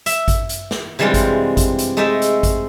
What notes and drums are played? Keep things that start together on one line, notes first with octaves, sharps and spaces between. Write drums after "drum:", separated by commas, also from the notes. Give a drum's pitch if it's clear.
E5, drum: hi-hat
drum: kick G#1, hi-hat
drum: hi-hat
drum: snare
C3 E3 G3 G#3 D4 F4
drum: kick G#1, hi-hat
drum: kick G#1, hi-hat
drum: hi-hat
G#3 A3 D#4 A4 D#5 E5
drum: hi-hat
drum: kick G#1, hi-hat